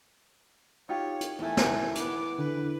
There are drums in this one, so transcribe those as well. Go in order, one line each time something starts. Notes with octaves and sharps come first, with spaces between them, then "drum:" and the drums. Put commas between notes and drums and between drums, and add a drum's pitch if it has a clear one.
D#4 F4 G4 C#5
drum: hi-hat
E2 A3 G#5
drum: snare
B3 D6, drum: hi-hat
D3 B4